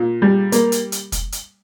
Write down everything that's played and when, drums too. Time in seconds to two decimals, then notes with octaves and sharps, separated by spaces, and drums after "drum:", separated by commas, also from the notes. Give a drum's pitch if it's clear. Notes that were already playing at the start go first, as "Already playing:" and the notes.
Already playing: A#2
0.22 G3
0.52 A#3, drum: hi-hat
0.72 drum: hi-hat
0.92 drum: hi-hat
1.12 drum: kick, hi-hat
1.32 drum: hi-hat